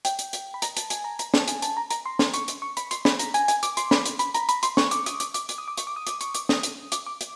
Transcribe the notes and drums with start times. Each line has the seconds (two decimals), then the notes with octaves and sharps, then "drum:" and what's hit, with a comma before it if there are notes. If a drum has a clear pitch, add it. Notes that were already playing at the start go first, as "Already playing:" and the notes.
0.05 G5, drum: hi-hat
0.19 drum: hi-hat
0.33 drum: hi-hat
0.54 B5
0.62 A#5, drum: hi-hat
0.77 A5, drum: hi-hat
0.90 G#5, drum: hi-hat
1.04 A#5
1.19 A#5, drum: hi-hat
1.34 A5, drum: snare
1.48 G#5, drum: hi-hat
1.62 A5, drum: hi-hat
1.77 A#5
1.90 A#5, drum: hi-hat
2.06 C6
2.19 C6, drum: snare
2.34 C#6, drum: hi-hat
2.48 drum: hi-hat
2.62 C#6
2.77 B5, drum: hi-hat
2.91 C6, drum: hi-hat
3.05 B5, drum: snare
3.19 A#5, drum: hi-hat
3.34 G#5, drum: hi-hat
3.48 G#5, drum: hi-hat
3.63 D6, drum: hi-hat
3.77 C6, drum: hi-hat
3.91 B5, drum: snare
4.06 drum: hi-hat
4.19 B5, drum: hi-hat
4.34 A#5, drum: hi-hat
4.49 B5, drum: hi-hat
4.63 C6, drum: hi-hat
4.77 C#6, drum: snare
4.91 D6, drum: hi-hat
5.06 D#6, drum: hi-hat
5.20 D6, drum: hi-hat
5.34 D6, drum: hi-hat
5.49 D6, drum: hi-hat
5.58 D#6
5.68 D6
5.77 C#6, drum: hi-hat
5.87 D6
5.96 D#6
6.07 D6, drum: hi-hat
6.21 C#6, drum: hi-hat
6.35 D6, drum: hi-hat
6.49 D#6, drum: snare
6.63 drum: hi-hat
6.92 D6, drum: hi-hat
7.06 D6
7.21 drum: hi-hat